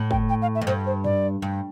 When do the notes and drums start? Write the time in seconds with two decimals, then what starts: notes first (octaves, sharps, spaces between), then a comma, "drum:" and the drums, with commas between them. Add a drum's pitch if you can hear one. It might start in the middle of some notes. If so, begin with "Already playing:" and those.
Already playing: A2
0.11 G5, drum: kick
0.29 G5
0.42 F5
0.55 E5
0.61 F2
0.67 G2 C5
0.86 C5
1.04 D5, drum: tom G2
1.42 G2